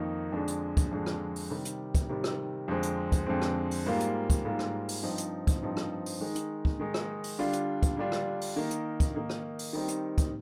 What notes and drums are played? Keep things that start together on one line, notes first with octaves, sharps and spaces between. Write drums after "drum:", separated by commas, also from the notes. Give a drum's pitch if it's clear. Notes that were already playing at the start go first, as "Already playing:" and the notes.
Already playing: F2 D#3 A#3 D#4
F2 D3 G#3 D4
drum: hi-hat
drum: kick, hi-hat
F2 D3 G#3 D4
drum: rim click
drum: open hi-hat
C3 D#3 G3
drum: hi-hat
drum: kick, hi-hat
C3 D#3 G3
drum: rim click
F2 D3 G#3 C4
drum: hi-hat
drum: kick, hi-hat
F2 D3 G#3 C4
drum: rim click
drum: open hi-hat
G#2 G3 A#3 F4
drum: hi-hat
drum: kick, hi-hat
G#2 G3 A#3 F4
drum: rim click
drum: open hi-hat
G2 F3 C4 D#4
drum: hi-hat
drum: kick, hi-hat
G2 F3 C4 D#4
drum: rim click
drum: open hi-hat
D#3 G#3 D#4
drum: hi-hat
drum: kick
D#3 G#3 D#4
drum: rim click
drum: open hi-hat
D3 G3 D4 F4
drum: hi-hat
drum: kick, hi-hat
D3 G3 D4 F4
drum: rim click
drum: open hi-hat
D#3 A#3 D#4
drum: hi-hat
drum: kick, hi-hat
D#3 A#3 D#4
drum: rim click
drum: open hi-hat
D#3 G3 C4 D#4
drum: hi-hat
drum: kick, hi-hat